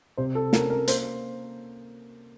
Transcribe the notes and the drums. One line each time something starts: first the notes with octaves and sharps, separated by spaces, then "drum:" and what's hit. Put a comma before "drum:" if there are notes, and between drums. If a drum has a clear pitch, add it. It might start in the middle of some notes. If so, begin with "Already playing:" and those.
C3 C5
A4
C#4 A#4, drum: snare
A#4
A#3 C5, drum: hi-hat